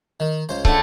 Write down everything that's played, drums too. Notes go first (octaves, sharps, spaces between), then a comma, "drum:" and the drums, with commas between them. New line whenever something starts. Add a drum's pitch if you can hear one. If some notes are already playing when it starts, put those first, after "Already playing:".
D#3
C#2 C5
D3 A3, drum: kick